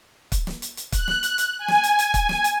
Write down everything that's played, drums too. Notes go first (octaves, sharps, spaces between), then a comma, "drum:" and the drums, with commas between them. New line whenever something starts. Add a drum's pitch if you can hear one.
drum: kick, hi-hat
drum: snare
drum: hi-hat
drum: hi-hat
F#6, drum: kick, hi-hat
drum: snare
drum: hi-hat
drum: hi-hat
G#5
drum: snare
drum: hi-hat
drum: hi-hat
drum: kick, hi-hat
drum: snare
drum: hi-hat